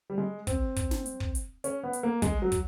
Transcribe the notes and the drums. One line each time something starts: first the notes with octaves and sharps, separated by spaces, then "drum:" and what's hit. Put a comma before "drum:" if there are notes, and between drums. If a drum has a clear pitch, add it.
G3
G#3
C4, drum: kick, hi-hat
drum: kick, hi-hat
drum: snare
drum: hi-hat
drum: kick
drum: hi-hat
C#4, drum: hi-hat
B3
drum: hi-hat
A#3
G#3, drum: kick, hi-hat
F#3
drum: kick, hi-hat